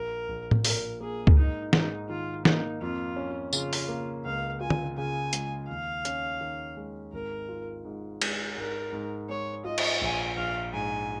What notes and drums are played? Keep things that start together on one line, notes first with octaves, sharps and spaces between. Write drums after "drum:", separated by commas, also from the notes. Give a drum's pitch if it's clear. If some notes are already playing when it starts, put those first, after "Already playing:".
Already playing: A#1 A#4
A#1
drum: tom A2
A#2 A#4, drum: open hi-hat
A#3 G#4
drum: kick C#2
G#2 D#4
G#2 D#4, drum: snare
D#3 F4
A#3 D#4, drum: snare
F2 F4
C#4
C#3 F4, drum: tambourine
drum: open hi-hat
A#3
C#2 F5
F4 G#5
drum: tom D3
C#3 G#5
G#3, drum: hi-hat
D#2 F5
C#4, drum: hi-hat
D#3
G#3
G#1 A#4
F4
G#2
G#3, drum: cymbal
G#2 A#4
G#2
G#3 C#5
F4 D#5
drum: cymbal
A#1 G#5
A#1 F5
G#2 G#5